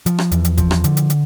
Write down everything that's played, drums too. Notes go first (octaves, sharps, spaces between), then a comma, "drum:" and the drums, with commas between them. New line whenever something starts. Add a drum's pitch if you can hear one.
F3, drum: hi-hat
drum: rim click
E2, drum: hi-hat
drum: hi-hat
F3, drum: kick G1, hi-hat
drum: rim click
D3, drum: hi-hat
drum: hi-hat
drum: hi-hat